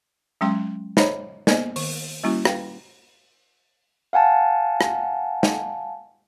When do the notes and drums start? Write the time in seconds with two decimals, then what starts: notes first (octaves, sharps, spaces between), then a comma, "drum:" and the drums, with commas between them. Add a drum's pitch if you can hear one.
0.41 F#3 G#3 C#4 G5 C6
0.97 C5 C#5 D#5 E5 A#5 B5, drum: snare
1.47 A#3 B3 C5 D5 D#5, drum: snare
1.76 D#3, drum: open hi-hat
2.24 G3 A#3 C#4 E4 F#4
2.45 B4 F5 G5, drum: rim click
4.13 F5 F#5 G#5 A5
4.81 drum: rim click
5.43 drum: snare